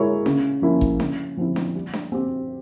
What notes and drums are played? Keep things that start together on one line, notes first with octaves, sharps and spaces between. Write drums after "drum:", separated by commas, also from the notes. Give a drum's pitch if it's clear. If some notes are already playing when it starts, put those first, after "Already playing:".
Already playing: A#2 G#3 E4 A#4 C#5
C#3, drum: snare D4
F3 A#3 C#4 E4
drum: kick
C#3, drum: snare D4
F3 C4 E4
drum: snare D4
G3
drum: snare D4
C4 G4